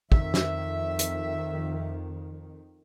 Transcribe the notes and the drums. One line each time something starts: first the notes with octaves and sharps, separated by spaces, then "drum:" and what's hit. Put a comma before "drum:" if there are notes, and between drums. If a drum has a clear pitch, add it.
F2 D#3 E5, drum: kick
drum: snare
drum: hi-hat